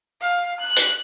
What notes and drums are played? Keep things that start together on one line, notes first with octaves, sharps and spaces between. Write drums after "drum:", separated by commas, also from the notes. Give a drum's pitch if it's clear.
F5
F#6
drum: hi-hat